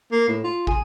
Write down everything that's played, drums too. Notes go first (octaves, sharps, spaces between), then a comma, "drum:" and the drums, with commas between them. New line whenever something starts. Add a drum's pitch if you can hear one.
A#3
A2
F4
G#4, drum: kick